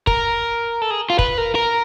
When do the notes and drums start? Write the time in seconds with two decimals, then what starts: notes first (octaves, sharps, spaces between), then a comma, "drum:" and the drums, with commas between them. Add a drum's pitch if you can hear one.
0.07 A#4, drum: kick
0.82 A4
0.91 G#4
1.10 F4
1.19 B4, drum: kick
1.38 A#4
1.55 A#4